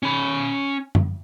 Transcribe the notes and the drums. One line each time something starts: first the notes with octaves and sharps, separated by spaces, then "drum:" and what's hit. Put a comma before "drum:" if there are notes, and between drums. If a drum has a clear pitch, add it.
C#4 B5
drum: tom F#2